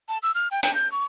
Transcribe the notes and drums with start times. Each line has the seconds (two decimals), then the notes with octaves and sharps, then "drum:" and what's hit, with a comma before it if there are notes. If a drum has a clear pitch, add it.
0.09 A5
0.23 E6
0.35 F6
0.51 G5
0.63 G5, drum: hi-hat
0.75 G6
0.92 C#6